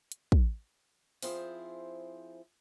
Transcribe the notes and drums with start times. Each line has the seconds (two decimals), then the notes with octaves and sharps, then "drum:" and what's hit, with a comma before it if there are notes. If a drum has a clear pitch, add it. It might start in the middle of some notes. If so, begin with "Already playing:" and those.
0.12 drum: hi-hat
0.32 drum: kick
1.22 F3 C4 E4 G#4 C5, drum: open hi-hat